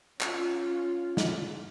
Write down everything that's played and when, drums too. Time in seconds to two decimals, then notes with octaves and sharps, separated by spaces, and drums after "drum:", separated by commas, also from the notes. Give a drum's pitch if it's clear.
0.21 C#4 F4, drum: clap
1.17 drum: snare